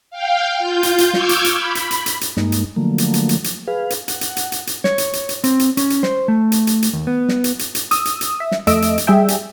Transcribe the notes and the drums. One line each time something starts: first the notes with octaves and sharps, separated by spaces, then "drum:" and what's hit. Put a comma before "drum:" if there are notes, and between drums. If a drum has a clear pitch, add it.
F5 G5
F4 G6
drum: hi-hat
drum: hi-hat
C#6 D6 E6 F6 G6 G#6, drum: snare
drum: hi-hat
drum: hi-hat
B5
drum: hi-hat
drum: hi-hat
drum: hi-hat
drum: hi-hat
G2 G#3 A#3 D#4, drum: snare
drum: hi-hat
D3 F3 F#3 A3 A#3
drum: hi-hat
drum: hi-hat
drum: hi-hat
drum: hi-hat
G#4 B4 F5
drum: hi-hat
F#5, drum: hi-hat
drum: hi-hat
drum: hi-hat
drum: hi-hat
drum: hi-hat
C#5, drum: snare
drum: hi-hat
drum: hi-hat
drum: hi-hat
C4, drum: hi-hat
drum: hi-hat
C#4, drum: hi-hat
drum: hi-hat
C5, drum: snare
A3
drum: hi-hat
drum: hi-hat
drum: hi-hat
D#2
B3
drum: snare
drum: hi-hat
drum: hi-hat
drum: hi-hat
D#6 E6, drum: hi-hat
drum: hi-hat
drum: hi-hat
E5
drum: snare
F2 A3 D#5 E5 E6 D7, drum: hi-hat
drum: hi-hat
drum: hi-hat
G3 G#4 E5 G5
drum: hi-hat